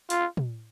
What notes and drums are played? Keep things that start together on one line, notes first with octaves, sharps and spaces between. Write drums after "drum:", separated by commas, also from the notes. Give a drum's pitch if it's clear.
F4, drum: hi-hat
drum: tom